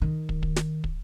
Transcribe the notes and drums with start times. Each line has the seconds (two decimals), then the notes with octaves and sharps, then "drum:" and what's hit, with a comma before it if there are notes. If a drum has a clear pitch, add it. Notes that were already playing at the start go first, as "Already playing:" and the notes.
0.02 D#3
0.29 drum: kick
0.43 drum: kick
0.56 drum: snare
0.84 drum: kick